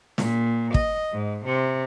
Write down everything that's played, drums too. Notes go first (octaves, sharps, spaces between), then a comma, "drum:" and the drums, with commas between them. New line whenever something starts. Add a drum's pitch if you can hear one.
A#2, drum: snare
D#5, drum: kick
G#2
C3